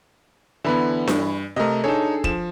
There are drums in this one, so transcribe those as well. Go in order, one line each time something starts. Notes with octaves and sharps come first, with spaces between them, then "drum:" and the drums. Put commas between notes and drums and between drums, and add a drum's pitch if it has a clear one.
D3 E3 B3 B5
G2, drum: snare D4
C3 A3 A#4 D#5
D4 D#4 G#4 A4 C#5
F3 E7, drum: kick